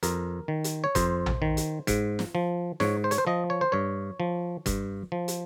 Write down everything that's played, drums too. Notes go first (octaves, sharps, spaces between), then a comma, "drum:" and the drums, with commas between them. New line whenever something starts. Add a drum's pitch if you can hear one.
F2 A#4, drum: hi-hat
D#3
drum: hi-hat
C#5
F2 C5, drum: kick F#1, hi-hat
drum: tom A#1
D#3
drum: hi-hat
G#2, drum: kick F#1, hi-hat
drum: snare
F3
G#2 C#5, drum: snare
C5
C#5, drum: hi-hat
C5
F3 D#5
C#5
C5
G2 C#5
F3
G2, drum: kick F#1, hi-hat
F3
drum: hi-hat